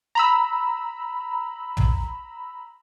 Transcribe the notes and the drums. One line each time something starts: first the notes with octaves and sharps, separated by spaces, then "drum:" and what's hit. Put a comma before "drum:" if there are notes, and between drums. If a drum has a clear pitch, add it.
A#5 B5 E6
drum: tom